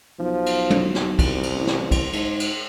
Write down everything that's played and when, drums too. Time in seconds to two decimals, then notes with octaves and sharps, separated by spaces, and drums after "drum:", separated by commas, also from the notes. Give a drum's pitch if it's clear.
0.19 B1 F3
0.46 drum: cymbal
0.70 drum: tom
0.95 drum: snare
1.19 C2, drum: kick, cymbal
1.43 drum: cymbal
1.54 A1
1.67 drum: snare
1.91 drum: kick, cymbal
2.13 G#2, drum: cymbal
2.40 drum: cymbal